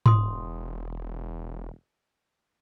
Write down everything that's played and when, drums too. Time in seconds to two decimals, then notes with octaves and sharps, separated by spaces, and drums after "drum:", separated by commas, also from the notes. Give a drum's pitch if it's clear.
0.06 E1 C6 D#6, drum: tom G#2